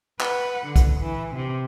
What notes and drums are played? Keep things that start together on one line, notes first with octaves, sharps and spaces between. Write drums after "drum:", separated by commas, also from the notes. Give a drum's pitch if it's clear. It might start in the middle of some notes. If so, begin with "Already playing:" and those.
B4 F#5, drum: clap
D3
drum: kick, hi-hat
E3
C3